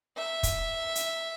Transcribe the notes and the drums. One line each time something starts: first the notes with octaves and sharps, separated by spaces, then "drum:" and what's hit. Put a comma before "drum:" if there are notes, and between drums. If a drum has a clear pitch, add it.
E5
drum: kick, hi-hat
drum: hi-hat